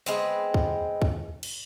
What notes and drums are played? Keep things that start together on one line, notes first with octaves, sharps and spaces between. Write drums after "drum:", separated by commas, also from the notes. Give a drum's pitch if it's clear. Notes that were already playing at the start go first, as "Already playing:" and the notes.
G#3 B3 C4, drum: tambourine
drum: kick
drum: kick
drum: cymbal